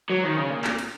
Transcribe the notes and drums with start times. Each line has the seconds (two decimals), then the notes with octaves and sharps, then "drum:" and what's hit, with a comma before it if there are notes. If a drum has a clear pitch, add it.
0.10 F#3
0.24 D#3
0.37 C#3
0.50 A#2
0.64 drum: clap
0.79 drum: cymbal